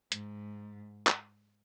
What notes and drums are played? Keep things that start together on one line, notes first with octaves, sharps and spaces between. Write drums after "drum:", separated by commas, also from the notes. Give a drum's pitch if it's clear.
G#2, drum: hi-hat
drum: clap